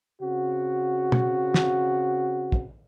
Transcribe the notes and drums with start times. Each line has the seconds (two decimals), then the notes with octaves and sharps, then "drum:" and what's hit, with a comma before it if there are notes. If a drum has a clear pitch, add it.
0.21 C#3 C4 F#4
1.12 drum: tom
1.54 drum: snare
2.52 drum: kick